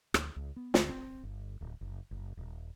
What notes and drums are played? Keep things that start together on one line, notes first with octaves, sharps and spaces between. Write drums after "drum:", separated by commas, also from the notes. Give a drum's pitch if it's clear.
D2, drum: rim click
C#2
B3
D2, drum: snare
C4
G1
D1
F#1
F#1
D#1